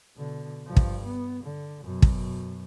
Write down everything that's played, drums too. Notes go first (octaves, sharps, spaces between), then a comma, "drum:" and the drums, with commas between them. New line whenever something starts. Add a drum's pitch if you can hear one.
B2 D3
G2 F3
drum: kick
B3
D3
F#2 B2
drum: kick